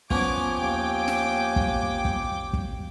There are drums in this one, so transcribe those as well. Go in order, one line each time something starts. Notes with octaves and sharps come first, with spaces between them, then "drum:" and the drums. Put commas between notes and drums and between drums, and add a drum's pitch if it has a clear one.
F3 B3 C#4 G#5 D6, drum: kick
D#2 G5 D6
drum: snare
drum: kick
drum: kick
drum: kick